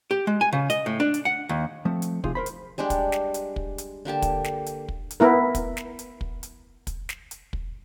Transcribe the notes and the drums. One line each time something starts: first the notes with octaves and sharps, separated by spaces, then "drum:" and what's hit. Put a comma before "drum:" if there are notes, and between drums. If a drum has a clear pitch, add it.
G4
G#3
G#5
C#3
D#5, drum: hi-hat
A2
D4
drum: hi-hat
F#5
D#2
F3 A3 C4
drum: hi-hat
C3 D#4 F4 G#4, drum: kick
A#4 C5 B5
drum: hi-hat
G3 G#3 D4 G4
drum: kick, hi-hat
drum: snare
drum: hi-hat
drum: kick
drum: hi-hat
D3 A#3 G4 A5
drum: kick, hi-hat
drum: snare
drum: hi-hat
drum: kick
drum: hi-hat
B3 E4 A#4
drum: kick, hi-hat
drum: snare
drum: hi-hat
drum: kick
drum: hi-hat
drum: kick, hi-hat
drum: snare
drum: hi-hat
drum: kick